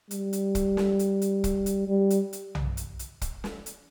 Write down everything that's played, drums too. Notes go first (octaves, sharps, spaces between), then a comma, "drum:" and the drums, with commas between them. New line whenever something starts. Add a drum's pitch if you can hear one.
G3, drum: hi-hat
drum: hi-hat
drum: kick, hi-hat
drum: snare
drum: hi-hat
drum: hi-hat
drum: kick, hi-hat
drum: hi-hat
G3
drum: hi-hat
drum: hi-hat
drum: tom B1
drum: hi-hat
drum: hi-hat
drum: kick, hi-hat
drum: snare
drum: hi-hat